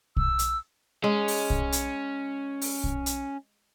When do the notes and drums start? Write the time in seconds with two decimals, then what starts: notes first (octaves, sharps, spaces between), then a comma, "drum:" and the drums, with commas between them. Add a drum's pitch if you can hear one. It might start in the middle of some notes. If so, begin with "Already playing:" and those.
0.17 E6, drum: kick
0.39 drum: hi-hat
1.04 G#3 C#4
1.28 drum: open hi-hat
1.50 drum: kick
1.72 drum: hi-hat
2.61 drum: open hi-hat
2.84 drum: kick
3.06 drum: hi-hat